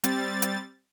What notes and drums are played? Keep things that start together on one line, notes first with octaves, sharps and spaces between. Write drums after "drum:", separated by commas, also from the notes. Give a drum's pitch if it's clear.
G3 C4 A6, drum: hi-hat
drum: hi-hat